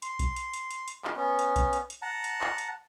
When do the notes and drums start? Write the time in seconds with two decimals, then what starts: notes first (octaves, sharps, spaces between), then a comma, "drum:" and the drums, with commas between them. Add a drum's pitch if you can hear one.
0.02 C6, drum: hi-hat
0.19 drum: kick B1, hi-hat
0.36 drum: hi-hat
0.54 drum: hi-hat
0.71 drum: hi-hat
0.88 drum: hi-hat
1.05 drum: clap
1.16 B3 C#4
1.39 drum: hi-hat
1.56 drum: kick B1, hi-hat
1.73 drum: hi-hat
1.90 drum: hi-hat
2.02 F#5 A5 A#5
2.24 drum: hi-hat
2.41 drum: clap
2.58 drum: hi-hat